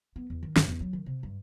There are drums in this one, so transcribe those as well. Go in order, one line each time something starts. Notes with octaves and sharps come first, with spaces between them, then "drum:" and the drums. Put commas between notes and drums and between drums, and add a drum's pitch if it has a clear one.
B3
E2
D#3
G2, drum: snare
E2
F#3
D#3
C3
G2